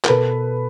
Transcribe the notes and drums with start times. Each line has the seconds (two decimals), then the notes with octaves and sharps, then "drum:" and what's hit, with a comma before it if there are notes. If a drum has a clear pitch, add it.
0.05 A#4, drum: clap
0.09 B2 A4 B4